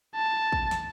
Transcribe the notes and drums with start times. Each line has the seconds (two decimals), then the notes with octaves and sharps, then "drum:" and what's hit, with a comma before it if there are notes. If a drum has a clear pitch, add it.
0.15 A5
0.52 drum: kick
0.71 drum: snare